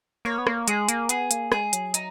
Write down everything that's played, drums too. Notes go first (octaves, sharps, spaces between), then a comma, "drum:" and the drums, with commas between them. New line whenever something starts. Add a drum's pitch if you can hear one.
A#3 C#5
B3
A#3, drum: rim click
G#3 G#4, drum: hi-hat
A#3, drum: hi-hat
B3 G#4, drum: hi-hat
A#3, drum: hi-hat
G#3 G#4, drum: rim click
F#3, drum: hi-hat
D#4, drum: hi-hat